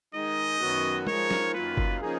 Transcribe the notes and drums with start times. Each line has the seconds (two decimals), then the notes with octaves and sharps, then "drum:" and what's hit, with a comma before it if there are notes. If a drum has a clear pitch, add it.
0.14 D#3 G#3 D#4 D#5
0.60 F#2 D#3 F#3 B3 F#4
1.07 F3 G#3 D#4 A#4 C#5, drum: tom G#3
1.31 drum: snare
1.54 F#2 D#3 F#3 A#3 F4 B4
1.77 drum: kick F#1
2.01 C#3 F3 A#3 D#4 G#4